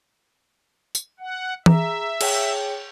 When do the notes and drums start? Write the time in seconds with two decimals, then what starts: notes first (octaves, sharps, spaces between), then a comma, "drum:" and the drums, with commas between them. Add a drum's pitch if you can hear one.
0.95 drum: tambourine
1.20 F#5
1.66 G#4 E5 A#5, drum: tom E3
2.21 G#4 C#5 G5, drum: cymbal